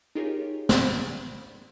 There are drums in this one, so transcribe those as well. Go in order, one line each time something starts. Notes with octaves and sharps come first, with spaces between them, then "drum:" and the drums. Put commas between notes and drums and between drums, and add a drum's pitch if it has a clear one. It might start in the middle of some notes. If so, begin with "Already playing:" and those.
D#4 F4 G4 G#4 A#4 C#5
drum: snare